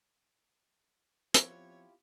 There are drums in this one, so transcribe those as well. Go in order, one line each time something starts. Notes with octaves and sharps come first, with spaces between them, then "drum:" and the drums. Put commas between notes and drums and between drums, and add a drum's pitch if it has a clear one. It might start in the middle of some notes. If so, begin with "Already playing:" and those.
F3 B3 C4 E4 F4 G4 C#5, drum: hi-hat